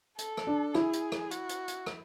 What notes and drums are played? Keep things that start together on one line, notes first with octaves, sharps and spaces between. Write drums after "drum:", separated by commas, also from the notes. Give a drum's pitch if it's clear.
A4, drum: hi-hat
drum: rim click
D4
E4 G#4, drum: rim click
drum: hi-hat
drum: rim click
F#4, drum: hi-hat
drum: hi-hat
drum: hi-hat
drum: rim click